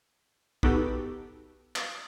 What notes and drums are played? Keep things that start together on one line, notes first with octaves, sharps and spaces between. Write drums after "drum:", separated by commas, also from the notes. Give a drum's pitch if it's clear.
B3 D#4 F#4 G4 A4 B4, drum: kick
drum: clap